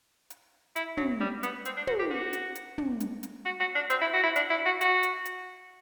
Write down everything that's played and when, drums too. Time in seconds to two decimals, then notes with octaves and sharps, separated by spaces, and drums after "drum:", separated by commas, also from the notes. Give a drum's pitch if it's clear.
0.30 drum: hi-hat
0.76 E4, drum: hi-hat
0.97 F#3, drum: tom
1.21 G3
1.43 B3, drum: hi-hat
1.65 C4, drum: hi-hat
1.77 D4
1.87 F#4, drum: tom
1.99 G4
2.10 F#4
2.33 drum: hi-hat
2.55 drum: hi-hat
2.78 drum: tom
3.00 drum: hi-hat
3.23 drum: hi-hat
3.46 F#4
3.60 F#4
3.75 D4
3.90 C4, drum: hi-hat
4.01 E4
4.14 F#4
4.24 E4
4.36 D4, drum: hi-hat
4.50 E4
4.66 F#4
4.81 F#4, drum: hi-hat
5.03 drum: hi-hat
5.25 drum: hi-hat